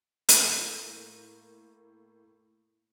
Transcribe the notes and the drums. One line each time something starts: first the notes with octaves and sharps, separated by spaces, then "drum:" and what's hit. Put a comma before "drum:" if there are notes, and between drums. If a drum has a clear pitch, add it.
A2 A#3 G6 A#6, drum: hi-hat